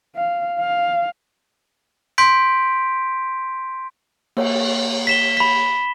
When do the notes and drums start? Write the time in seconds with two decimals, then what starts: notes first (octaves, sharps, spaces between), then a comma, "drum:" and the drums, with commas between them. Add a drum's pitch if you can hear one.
0.16 F5
0.60 F5
2.18 C6 G6 B6 D7
4.37 A#3 C#5, drum: cymbal
5.07 B6 E7 G7
5.37 B5 B6